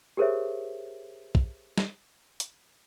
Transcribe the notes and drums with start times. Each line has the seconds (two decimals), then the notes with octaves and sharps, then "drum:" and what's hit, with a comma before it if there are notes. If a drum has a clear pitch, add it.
0.17 G4 G#4 A#4 C5 C#5 E5
1.35 drum: kick
1.78 drum: snare
2.40 drum: hi-hat